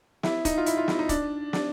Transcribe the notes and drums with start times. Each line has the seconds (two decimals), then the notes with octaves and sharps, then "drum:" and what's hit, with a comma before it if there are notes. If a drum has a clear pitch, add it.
0.23 E4, drum: snare
0.45 D#4, drum: kick, hi-hat
0.58 F4
0.66 E4, drum: hi-hat
0.77 F4
0.88 E4, drum: snare
0.99 D#4
1.09 D4, drum: kick, hi-hat
1.53 D4, drum: snare